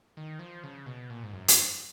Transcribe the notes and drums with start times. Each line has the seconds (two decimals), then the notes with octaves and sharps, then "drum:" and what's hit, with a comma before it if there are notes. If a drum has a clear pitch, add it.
0.17 D#3
0.39 F3
0.64 C#3
0.86 B2
1.10 A#2
1.23 G#2
1.33 F#2
1.48 drum: hi-hat